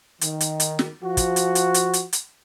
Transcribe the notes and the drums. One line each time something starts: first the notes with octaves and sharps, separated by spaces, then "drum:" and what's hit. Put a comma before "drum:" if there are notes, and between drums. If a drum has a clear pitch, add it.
D#3, drum: hi-hat
drum: hi-hat
drum: hi-hat
drum: snare
F3 F#4
drum: kick, hi-hat
drum: hi-hat
drum: hi-hat
drum: hi-hat
drum: hi-hat
drum: hi-hat